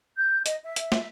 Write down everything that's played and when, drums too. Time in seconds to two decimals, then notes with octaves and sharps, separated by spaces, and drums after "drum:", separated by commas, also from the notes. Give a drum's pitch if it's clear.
0.16 G6
0.46 D#5, drum: hi-hat
0.62 E5
0.76 drum: hi-hat
0.92 drum: snare